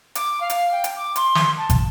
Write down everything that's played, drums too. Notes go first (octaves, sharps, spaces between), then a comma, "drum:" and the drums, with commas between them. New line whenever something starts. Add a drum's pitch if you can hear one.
D6, drum: hi-hat
F5
drum: hi-hat
G5
drum: hi-hat
D6
C6, drum: hi-hat
drum: snare
A5
drum: kick, hi-hat